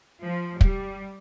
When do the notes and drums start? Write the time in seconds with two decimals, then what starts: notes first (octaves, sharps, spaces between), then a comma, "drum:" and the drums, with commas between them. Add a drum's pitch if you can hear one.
0.24 F3
0.61 G3, drum: kick